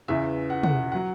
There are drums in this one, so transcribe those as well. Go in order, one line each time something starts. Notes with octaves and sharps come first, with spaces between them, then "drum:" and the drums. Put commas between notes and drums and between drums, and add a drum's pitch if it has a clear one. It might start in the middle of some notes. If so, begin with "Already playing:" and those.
E2 C#3 E3 E5
F#5
F#5, drum: tom
F#3 F#5